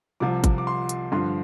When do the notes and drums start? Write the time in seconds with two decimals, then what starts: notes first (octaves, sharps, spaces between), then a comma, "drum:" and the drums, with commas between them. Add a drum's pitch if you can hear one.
0.20 C2 C3 F3 D6
0.44 drum: kick G#1, hi-hat
0.58 D6
0.67 C6
0.89 drum: hi-hat
1.12 G2 D3 F3 C6